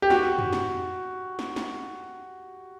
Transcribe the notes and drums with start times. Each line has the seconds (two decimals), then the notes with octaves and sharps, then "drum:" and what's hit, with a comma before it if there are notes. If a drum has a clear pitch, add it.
0.02 G4
0.10 F#4, drum: snare
0.38 drum: tom F2
0.53 drum: snare
1.39 drum: snare
1.56 drum: snare